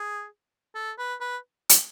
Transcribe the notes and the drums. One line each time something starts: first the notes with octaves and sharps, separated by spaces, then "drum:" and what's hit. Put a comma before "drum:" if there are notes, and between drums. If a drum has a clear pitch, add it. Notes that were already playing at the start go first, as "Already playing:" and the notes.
Already playing: G#4
A4
B4
B4
drum: hi-hat